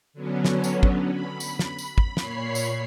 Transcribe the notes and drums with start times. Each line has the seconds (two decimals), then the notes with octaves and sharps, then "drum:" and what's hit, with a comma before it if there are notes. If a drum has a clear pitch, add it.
0.13 D3 F#3 B3 C#4
0.45 drum: snare
0.64 drum: tambourine
0.83 drum: kick
1.09 B5
1.40 drum: tambourine
1.59 drum: snare
1.79 drum: tambourine
1.98 drum: kick
2.17 A#2 C#5 B5 C7, drum: snare
2.55 drum: tambourine